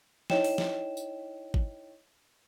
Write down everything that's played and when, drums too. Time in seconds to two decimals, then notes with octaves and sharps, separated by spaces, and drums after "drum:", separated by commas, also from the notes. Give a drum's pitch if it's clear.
0.30 D#4 E4 C#5 D#5 G5 E7, drum: snare
0.44 drum: open hi-hat
0.58 drum: snare
0.97 drum: tambourine
1.54 drum: kick